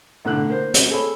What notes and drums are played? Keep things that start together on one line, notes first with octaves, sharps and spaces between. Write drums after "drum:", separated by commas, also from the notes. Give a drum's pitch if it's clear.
B1 A2 D3 F#6
A#3 C5
drum: hi-hat
G#4 A4 C#5 B5